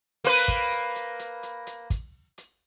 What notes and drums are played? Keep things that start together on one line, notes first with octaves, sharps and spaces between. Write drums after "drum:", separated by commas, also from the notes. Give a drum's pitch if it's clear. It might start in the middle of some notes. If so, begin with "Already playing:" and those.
A#3 B4, drum: hi-hat
drum: kick, hi-hat
drum: hi-hat
drum: hi-hat
drum: hi-hat
drum: hi-hat
drum: hi-hat
drum: kick, hi-hat
drum: hi-hat